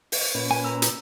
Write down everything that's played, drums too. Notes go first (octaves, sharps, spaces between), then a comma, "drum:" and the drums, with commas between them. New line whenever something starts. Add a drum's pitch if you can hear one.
drum: open hi-hat
A#2 C#4 B4
G#5
A#5 E6
drum: hi-hat